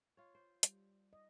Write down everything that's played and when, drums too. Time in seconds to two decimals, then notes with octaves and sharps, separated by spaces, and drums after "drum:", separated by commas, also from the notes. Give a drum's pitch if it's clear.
0.17 F4 C#5
0.35 C5
0.63 G3, drum: hi-hat
1.13 D#5